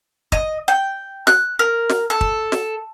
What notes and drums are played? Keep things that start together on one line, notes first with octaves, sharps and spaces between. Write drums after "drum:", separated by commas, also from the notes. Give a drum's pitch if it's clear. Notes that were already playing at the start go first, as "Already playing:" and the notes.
D#5, drum: kick
G5
F#6, drum: snare
A#4
drum: snare
A4
drum: kick
drum: snare